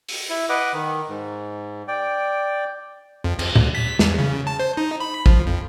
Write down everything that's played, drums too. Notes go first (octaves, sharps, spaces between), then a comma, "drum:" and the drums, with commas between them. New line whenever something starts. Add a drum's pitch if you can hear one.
drum: open hi-hat
E4
B4 D#5 F#5 D6
D#3
G#2
D5 G5
F2
F2, drum: cymbal
D2, drum: tom A2
B6
E2, drum: snare
C#3
A5
C5
D#4
B5
F3, drum: kick A1
F2